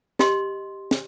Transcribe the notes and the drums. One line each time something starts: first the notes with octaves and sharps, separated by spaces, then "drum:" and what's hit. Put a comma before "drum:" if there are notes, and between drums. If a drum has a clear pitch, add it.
G4 D#5 C6, drum: snare
drum: snare